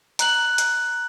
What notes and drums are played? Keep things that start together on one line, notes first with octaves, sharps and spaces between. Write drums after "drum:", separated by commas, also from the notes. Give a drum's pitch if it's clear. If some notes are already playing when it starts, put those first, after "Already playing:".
A#5 F#6 F#7, drum: hi-hat
drum: hi-hat